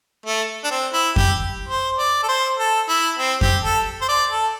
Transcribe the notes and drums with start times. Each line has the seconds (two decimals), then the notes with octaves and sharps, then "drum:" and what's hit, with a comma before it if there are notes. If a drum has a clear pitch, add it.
0.26 A3
0.64 D4
0.71 C4
0.93 E4
1.16 G4, drum: kick F2
1.68 C5
1.99 D5
2.23 A4
2.28 C5
2.59 A4
2.89 E4
3.18 C4
3.41 G4, drum: kick F2
3.64 A4
4.01 C5
4.09 D5
4.31 A4